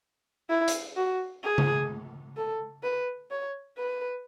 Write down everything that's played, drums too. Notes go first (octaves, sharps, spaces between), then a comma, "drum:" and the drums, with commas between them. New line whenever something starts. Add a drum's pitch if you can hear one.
E4
drum: hi-hat
F#4
G#4
drum: tom C#3
A4
B4
C#5
B4